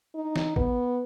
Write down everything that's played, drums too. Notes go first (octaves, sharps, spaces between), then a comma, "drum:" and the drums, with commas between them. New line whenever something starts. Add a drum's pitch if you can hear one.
D#4
drum: snare
B3, drum: kick